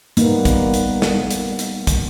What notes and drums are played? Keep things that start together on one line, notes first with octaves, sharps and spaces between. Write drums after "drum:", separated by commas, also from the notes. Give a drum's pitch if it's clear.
G3 A#3 B3 D#4, drum: hi-hat
drum: kick, hi-hat
drum: hi-hat
drum: snare
drum: hi-hat
drum: hi-hat
drum: kick, hi-hat